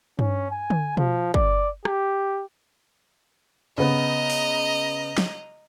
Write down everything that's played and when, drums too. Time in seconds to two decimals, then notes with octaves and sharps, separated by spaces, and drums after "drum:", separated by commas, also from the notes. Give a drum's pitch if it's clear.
0.19 C#4, drum: tom G2
0.51 G#5
0.70 drum: tom D3
0.97 F3, drum: tom B2
1.34 D5, drum: kick
1.85 G4, drum: rim click
3.78 C#3 B3 D#5 A#5
4.30 drum: open hi-hat
5.18 drum: snare